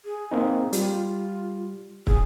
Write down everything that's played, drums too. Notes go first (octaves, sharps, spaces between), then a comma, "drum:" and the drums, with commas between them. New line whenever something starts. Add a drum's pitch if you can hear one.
G#4
A#3 C4 D#4
G3 F4, drum: hi-hat
G#4, drum: kick